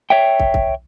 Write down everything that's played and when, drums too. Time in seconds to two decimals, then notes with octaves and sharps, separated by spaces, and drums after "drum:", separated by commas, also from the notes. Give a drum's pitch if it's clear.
0.10 C#5 E5 G5
0.40 drum: kick
0.54 drum: kick